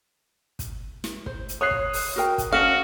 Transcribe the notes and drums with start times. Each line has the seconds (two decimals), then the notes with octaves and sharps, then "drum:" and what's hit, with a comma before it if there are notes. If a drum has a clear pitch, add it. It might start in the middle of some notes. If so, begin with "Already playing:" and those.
0.59 drum: kick, hi-hat
1.04 drum: snare
1.26 C5, drum: kick
1.49 drum: hi-hat
1.61 C#5 D#6 F#6 C7
1.71 drum: kick
1.93 drum: open hi-hat
2.16 F#4 A#4 G5
2.38 drum: kick, hi-hat
2.52 C#4 F#4 A4 F5